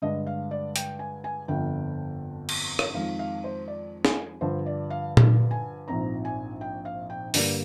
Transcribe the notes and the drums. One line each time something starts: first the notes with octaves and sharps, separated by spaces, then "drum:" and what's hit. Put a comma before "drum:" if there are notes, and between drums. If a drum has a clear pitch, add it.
G2 D3 G#3 D#5
F5
D5
G5, drum: hi-hat
G#5
G#5
G1 F2 D3 G5
drum: cymbal
drum: rim click
F2 D#3 G#3 C4 F5
F5
C5
D5
G#5, drum: snare
G2 D3 F3 C5
D5
F5
drum: tom A#2
G#5
A#1 G#2 F3 C4 A#5
G#5
G5
F5
G5
G2 D3 G3 A#3 D5, drum: open hi-hat